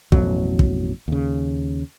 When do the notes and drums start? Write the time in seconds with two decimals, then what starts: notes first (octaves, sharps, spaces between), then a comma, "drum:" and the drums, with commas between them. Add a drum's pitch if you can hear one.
0.12 A1 F2 B2 F#3, drum: kick
0.59 drum: kick
1.08 D#2 C#3